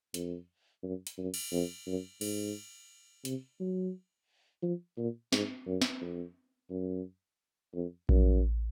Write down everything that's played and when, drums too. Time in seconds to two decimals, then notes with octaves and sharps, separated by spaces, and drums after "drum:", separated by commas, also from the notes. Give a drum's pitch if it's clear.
0.14 F2, drum: hi-hat
0.83 F#2
1.07 drum: hi-hat
1.18 F#2
1.34 drum: cymbal
1.52 F2
1.87 F#2
2.21 G#2, drum: cymbal
3.25 C3, drum: hi-hat
3.60 F#3
4.63 F3
4.98 A#2
5.33 G#2, drum: snare
5.67 F#2
5.82 drum: snare
6.01 F2
6.70 F#2
7.74 F2
8.09 F#2, drum: kick A#1